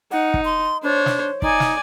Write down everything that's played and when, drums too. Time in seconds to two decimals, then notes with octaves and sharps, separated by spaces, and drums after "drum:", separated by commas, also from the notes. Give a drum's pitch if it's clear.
0.12 D#4 F#5
0.34 drum: kick
0.45 C6
0.83 D4 C5 C#5
1.06 drum: snare
1.42 D#4 D5 G#5, drum: kick
1.60 drum: snare